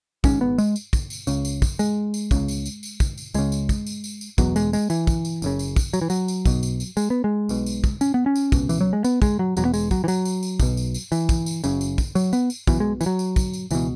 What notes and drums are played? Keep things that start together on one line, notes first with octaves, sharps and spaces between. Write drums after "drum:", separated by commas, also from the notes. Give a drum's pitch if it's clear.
G#1 G#2 C#4, drum: kick, tambourine
B3
G#3, drum: tambourine
drum: tambourine
drum: kick, tambourine
drum: tambourine
C#2 C#3, drum: tambourine
drum: tambourine
drum: kick, tambourine
G#3, drum: tambourine
drum: tambourine
C#2 C#3, drum: kick, tambourine
drum: tambourine
drum: tambourine
drum: tambourine
drum: kick, tambourine
drum: tambourine
C#2 C#3 G#3, drum: tambourine
drum: tambourine
drum: kick, tambourine
drum: tambourine
drum: tambourine
drum: tambourine
E1 E2 B2 F#3, drum: kick, tambourine
G#3, drum: tambourine
G#3, drum: tambourine
E3, drum: tambourine
drum: kick, tambourine
drum: tambourine
F#1 F#2 C#3, drum: tambourine
drum: tambourine
drum: kick, tambourine
F#3, drum: tambourine
E3
F#3, drum: tambourine
drum: tambourine
B1 B2, drum: kick, tambourine
drum: tambourine
drum: tambourine
G#3, drum: tambourine
B3
G#3
B1 B2, drum: tambourine
drum: tambourine
drum: kick, tambourine
C#4, drum: tambourine
B3
C#4
drum: tambourine
C#2 B2, drum: kick, tambourine
E3, drum: tambourine
F#3
G#3
B3, drum: tambourine
G#3, drum: kick, tambourine
F#3
E1 E2 B2 F#3, drum: tambourine
B3
G#3, drum: tambourine
F#3, drum: kick, tambourine
E3
F#3, drum: tambourine
drum: tambourine
drum: tambourine
B1 B2, drum: kick, tambourine
drum: tambourine
drum: tambourine
E3, drum: tambourine
drum: kick, tambourine
drum: tambourine
F#1 F#2 C#3, drum: tambourine
drum: tambourine
drum: kick, tambourine
F#3, drum: tambourine
B3, drum: tambourine
drum: tambourine
B1 B2 E3, drum: kick, tambourine
G#3
E3, drum: tambourine
F#3
drum: tambourine
drum: kick, tambourine
drum: tambourine
C#2 B2 E3, drum: tambourine